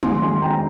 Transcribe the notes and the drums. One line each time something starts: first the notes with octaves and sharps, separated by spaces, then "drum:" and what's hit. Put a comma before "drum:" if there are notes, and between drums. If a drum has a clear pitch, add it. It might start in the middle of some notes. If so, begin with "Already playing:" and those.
D#3 G#5 C6, drum: tom
G#3 G#5 C6
C4 G5 A#5